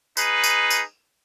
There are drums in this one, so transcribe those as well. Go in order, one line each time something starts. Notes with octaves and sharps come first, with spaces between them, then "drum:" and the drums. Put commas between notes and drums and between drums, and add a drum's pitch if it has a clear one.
D#4 G#4 B4, drum: tambourine
drum: tambourine
drum: tambourine